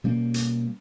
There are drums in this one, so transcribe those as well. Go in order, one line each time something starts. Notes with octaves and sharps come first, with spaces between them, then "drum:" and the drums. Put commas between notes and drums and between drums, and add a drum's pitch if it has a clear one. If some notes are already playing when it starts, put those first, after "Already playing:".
B2 G3 A#3 C#4
drum: hi-hat